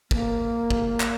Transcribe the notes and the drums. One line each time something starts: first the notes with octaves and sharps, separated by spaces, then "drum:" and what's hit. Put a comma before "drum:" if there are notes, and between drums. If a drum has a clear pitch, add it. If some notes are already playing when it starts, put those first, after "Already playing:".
A#3, drum: kick
drum: kick
drum: clap